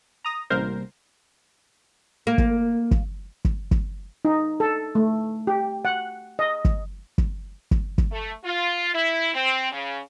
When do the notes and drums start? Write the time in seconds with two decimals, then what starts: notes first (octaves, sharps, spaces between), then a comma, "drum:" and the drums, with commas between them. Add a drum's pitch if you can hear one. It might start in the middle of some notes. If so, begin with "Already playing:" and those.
0.25 A#5 D#6 A#6
0.50 A1 C3 G3 A#3 A#4 C5
2.27 A#3
2.38 drum: kick
2.91 drum: kick
3.45 drum: kick
3.71 drum: kick
4.25 D#4
4.60 A4
4.95 A3
5.47 G4
5.85 F#5
6.39 D#5
6.65 drum: kick
7.18 drum: kick
7.71 drum: kick
7.98 drum: kick
8.12 A3
8.45 F4
8.94 E4
9.34 C4
9.72 C#3